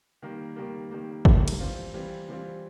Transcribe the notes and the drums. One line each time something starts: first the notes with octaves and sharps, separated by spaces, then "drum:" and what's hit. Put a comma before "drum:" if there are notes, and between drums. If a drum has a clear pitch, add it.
D#3 G3 A#3
D#3 G3 A#3
D#3 G3 A#3
D#3 G3 A#3, drum: kick G1
drum: cymbal
E3 G3 C4 F4
E3 G3 C4 F4
E3 G3 C4 F4